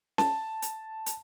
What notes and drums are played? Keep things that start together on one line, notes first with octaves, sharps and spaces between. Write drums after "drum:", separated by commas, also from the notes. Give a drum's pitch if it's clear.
A5, drum: snare C#4
drum: hi-hat
drum: hi-hat